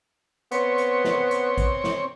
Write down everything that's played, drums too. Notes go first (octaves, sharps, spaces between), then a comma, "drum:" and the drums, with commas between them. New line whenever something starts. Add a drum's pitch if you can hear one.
B3 C4 C#5, drum: hi-hat
drum: hi-hat
drum: snare
drum: hi-hat
drum: kick A1, hi-hat
drum: snare